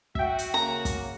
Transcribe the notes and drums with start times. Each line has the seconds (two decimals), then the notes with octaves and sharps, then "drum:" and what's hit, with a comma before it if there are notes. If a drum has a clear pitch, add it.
0.15 F#4 E5 G5, drum: kick
0.39 drum: hi-hat
0.54 C#3 A#3 A#5
0.85 drum: kick, hi-hat